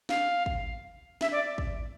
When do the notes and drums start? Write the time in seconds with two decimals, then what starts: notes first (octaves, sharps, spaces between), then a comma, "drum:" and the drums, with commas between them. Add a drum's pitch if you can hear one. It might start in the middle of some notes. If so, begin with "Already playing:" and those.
0.09 F5, drum: snare
0.46 drum: kick
1.21 E5, drum: snare
1.31 D5
1.58 drum: kick